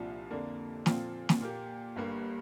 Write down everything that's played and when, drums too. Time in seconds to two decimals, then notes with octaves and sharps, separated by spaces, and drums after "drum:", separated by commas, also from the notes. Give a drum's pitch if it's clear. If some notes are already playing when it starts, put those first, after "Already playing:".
Already playing: C2 A#2 F3 D4 F4
0.30 F2 D3 A#3 D4
0.86 A#2 F3 C4 F4, drum: snare
1.29 drum: snare
1.40 A#2 A#3 G4
1.96 G1 G2 G3 A#3